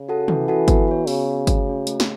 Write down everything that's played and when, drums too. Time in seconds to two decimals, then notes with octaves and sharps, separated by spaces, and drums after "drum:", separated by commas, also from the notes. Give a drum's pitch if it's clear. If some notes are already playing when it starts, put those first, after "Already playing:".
Already playing: C#3
0.09 F#4 A4 F#5 A5
0.28 E3 C#4, drum: tom
0.48 F#4 A4 F#5 A5
0.68 B3, drum: kick G1, hi-hat
0.88 F#4 C#5
1.07 C#3 B3, drum: open hi-hat
1.27 F#4 C#5
1.47 A3, drum: kick G1, hi-hat
1.66 C#4 F#4
1.87 A3, drum: hi-hat
2.00 drum: snare